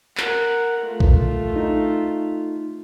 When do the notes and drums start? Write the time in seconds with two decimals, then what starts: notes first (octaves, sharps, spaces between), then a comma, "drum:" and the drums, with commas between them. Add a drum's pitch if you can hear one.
0.17 A#4 F#5, drum: clap
0.81 A3 F4
1.00 drum: kick
1.56 D#4